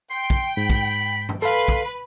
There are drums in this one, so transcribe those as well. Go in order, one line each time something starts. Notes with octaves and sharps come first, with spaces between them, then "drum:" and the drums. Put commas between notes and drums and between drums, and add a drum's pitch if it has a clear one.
G5 C6
drum: kick
G#2 B5
drum: kick
drum: tom G2
A4 B4 F5 C6
drum: kick